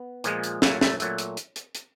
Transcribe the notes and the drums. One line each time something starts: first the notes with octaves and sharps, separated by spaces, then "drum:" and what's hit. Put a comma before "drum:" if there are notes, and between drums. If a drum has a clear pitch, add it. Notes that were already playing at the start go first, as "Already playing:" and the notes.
Already playing: B3
A#2 F3 G#3, drum: hi-hat
drum: hi-hat
A#2 F#3 A3 A#3, drum: snare
A3, drum: snare
A#2 F#3 A3, drum: hi-hat
drum: hi-hat
drum: hi-hat
drum: hi-hat
drum: hi-hat